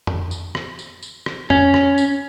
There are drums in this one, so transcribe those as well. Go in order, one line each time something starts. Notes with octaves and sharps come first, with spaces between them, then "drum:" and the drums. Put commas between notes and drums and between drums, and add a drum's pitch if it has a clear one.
drum: tom
drum: tambourine
drum: rim click
drum: tambourine
drum: tambourine
drum: rim click
C#4, drum: tom
drum: rim click
drum: tambourine